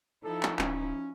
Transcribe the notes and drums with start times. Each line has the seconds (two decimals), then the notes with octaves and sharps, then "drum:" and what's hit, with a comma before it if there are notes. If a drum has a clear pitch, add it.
0.24 F3 D#4 E4 A4
0.43 drum: clap
0.59 D1 C#4, drum: clap